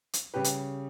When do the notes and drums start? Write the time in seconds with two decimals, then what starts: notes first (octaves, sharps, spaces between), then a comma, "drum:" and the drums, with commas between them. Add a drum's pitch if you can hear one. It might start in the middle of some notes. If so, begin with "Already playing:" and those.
0.13 drum: hi-hat
0.34 C#3 G3 G4 B4
0.44 drum: hi-hat